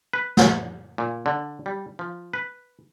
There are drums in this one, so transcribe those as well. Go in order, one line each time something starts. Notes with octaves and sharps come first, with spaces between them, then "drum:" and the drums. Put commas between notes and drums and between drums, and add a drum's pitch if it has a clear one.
B4
drum: snare
A#2
D3
G3
F3
B4